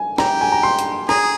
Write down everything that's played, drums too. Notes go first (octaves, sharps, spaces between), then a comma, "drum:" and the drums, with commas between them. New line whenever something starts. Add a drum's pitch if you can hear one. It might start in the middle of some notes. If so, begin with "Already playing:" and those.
Already playing: G#5
G4 A#5, drum: snare
G#5
A#5
C6
drum: hi-hat
G#4 A#5, drum: snare